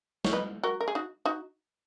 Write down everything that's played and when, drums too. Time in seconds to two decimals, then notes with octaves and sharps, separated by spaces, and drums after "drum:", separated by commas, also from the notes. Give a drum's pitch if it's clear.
0.25 C#5, drum: snare
0.33 B4 D#5
0.63 F#4 A#4
0.81 A#4
0.88 G#4
0.95 D#4 F#4
1.25 D#4 F#4